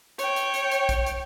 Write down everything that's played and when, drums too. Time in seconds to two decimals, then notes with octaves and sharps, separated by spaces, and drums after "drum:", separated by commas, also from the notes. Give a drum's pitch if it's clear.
0.19 C#5 G5, drum: hi-hat
0.36 drum: hi-hat
0.54 drum: hi-hat
0.71 drum: hi-hat
0.89 drum: kick A#1, hi-hat
1.06 drum: hi-hat